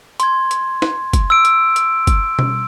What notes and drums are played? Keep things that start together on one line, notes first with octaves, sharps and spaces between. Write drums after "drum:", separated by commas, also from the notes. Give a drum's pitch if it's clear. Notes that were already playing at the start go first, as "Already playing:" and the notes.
C6 G#6, drum: hi-hat
drum: hi-hat
drum: snare
drum: kick, hi-hat
E6 D7
drum: hi-hat
drum: hi-hat
drum: kick, hi-hat
drum: tom B2